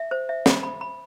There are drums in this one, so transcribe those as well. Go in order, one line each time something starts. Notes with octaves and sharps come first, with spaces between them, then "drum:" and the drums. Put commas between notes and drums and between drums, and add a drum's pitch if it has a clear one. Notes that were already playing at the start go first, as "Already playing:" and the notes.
Already playing: E5
C5
E5
B5, drum: snare
B5
B5